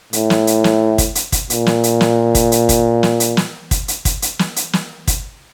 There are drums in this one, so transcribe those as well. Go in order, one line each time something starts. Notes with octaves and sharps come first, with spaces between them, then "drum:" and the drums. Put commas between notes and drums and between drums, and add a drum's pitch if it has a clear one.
A2, drum: hi-hat
drum: snare
drum: hi-hat
drum: snare
drum: kick, hi-hat
drum: hi-hat
drum: kick, hi-hat
A#2, drum: hi-hat
drum: snare
drum: hi-hat
drum: snare
drum: kick, hi-hat
drum: hi-hat
drum: kick, hi-hat
drum: snare
drum: hi-hat
drum: snare
drum: kick, hi-hat
drum: hi-hat
drum: kick, hi-hat
drum: hi-hat
drum: snare
drum: hi-hat
drum: snare
drum: kick, hi-hat